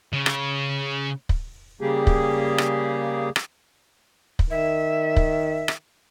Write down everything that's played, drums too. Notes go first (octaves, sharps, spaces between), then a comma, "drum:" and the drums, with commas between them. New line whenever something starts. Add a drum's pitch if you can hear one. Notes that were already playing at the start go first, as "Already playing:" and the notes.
C#3
drum: rim click
drum: kick
C#3 G3 A#3 G4 G#4
drum: kick
drum: rim click
drum: rim click
drum: kick
D#3 E5
drum: kick
drum: rim click